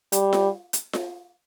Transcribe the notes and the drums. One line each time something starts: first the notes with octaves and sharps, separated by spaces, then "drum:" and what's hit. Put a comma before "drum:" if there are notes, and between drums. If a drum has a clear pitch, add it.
G3, drum: hi-hat
drum: snare F4
drum: hi-hat
drum: snare F4